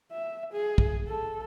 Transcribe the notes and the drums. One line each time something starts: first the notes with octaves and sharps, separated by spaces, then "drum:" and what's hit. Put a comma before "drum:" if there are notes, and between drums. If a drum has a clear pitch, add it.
E5
G#4
drum: kick
A4